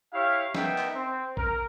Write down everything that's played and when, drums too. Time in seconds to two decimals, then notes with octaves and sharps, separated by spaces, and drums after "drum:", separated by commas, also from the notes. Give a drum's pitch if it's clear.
0.13 E4 G4 C#5 F5
0.55 B3 D#4 A#4 E5 G5, drum: snare
0.78 drum: clap
0.95 C4
1.37 A#4, drum: kick A1